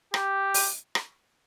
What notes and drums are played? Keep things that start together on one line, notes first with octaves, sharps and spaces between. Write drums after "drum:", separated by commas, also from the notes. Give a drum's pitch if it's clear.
G4, drum: rim click
drum: open hi-hat
drum: rim click